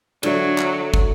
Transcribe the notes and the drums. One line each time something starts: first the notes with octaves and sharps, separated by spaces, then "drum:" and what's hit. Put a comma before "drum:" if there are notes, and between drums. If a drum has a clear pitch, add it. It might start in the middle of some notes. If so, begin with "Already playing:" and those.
D3 F#3 A3, drum: cymbal
drum: clap
drum: kick